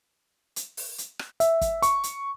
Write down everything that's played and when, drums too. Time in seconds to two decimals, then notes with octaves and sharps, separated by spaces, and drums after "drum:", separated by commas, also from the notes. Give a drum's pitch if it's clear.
0.56 drum: hi-hat
0.77 drum: open hi-hat
0.98 drum: hi-hat
1.19 drum: rim click
1.40 E5, drum: hi-hat
1.61 drum: kick, hi-hat
1.82 C#6, drum: hi-hat
2.04 drum: hi-hat